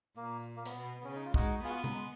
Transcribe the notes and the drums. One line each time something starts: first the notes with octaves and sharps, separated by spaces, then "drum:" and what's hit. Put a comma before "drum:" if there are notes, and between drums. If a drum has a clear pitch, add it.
A#2 A#3
A#3
B3, drum: hi-hat
B2
B3
C#3 C#4
D#4
F4
G#3 D#4 F#4, drum: kick
B3 F4 G#4
F#4
F4
F#3, drum: tom C3
G#3